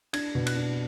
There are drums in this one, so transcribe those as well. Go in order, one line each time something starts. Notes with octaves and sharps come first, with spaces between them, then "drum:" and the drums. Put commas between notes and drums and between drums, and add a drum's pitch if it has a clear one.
D4 G#6, drum: cymbal
B2
F#6, drum: cymbal
D4